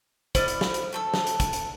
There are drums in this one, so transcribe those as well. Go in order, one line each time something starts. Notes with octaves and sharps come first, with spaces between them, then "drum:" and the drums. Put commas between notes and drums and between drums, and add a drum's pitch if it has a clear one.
E4 C5 D5 D#5, drum: kick, hi-hat
drum: hi-hat
drum: snare
drum: hi-hat
A3 A4 E6
drum: snare
drum: hi-hat
drum: kick, hi-hat
drum: hi-hat